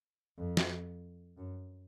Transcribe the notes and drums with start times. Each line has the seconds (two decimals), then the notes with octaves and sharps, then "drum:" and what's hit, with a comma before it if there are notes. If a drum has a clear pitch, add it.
0.38 F2
0.57 drum: snare
1.38 F#2